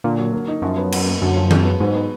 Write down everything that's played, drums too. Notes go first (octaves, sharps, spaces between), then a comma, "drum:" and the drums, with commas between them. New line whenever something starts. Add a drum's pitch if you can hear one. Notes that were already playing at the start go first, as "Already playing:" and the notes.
A#2 D3
F#3
A#3
D#4
F#2 F3
B3
F#3, drum: cymbal
A#3
F#2 D3
F3
G#3, drum: tom D#3
B3
G#2 F#3
B3